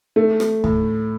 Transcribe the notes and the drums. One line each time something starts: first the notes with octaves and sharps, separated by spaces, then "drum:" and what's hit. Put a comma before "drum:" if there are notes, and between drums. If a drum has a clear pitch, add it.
A3
drum: rim click
A2, drum: kick D2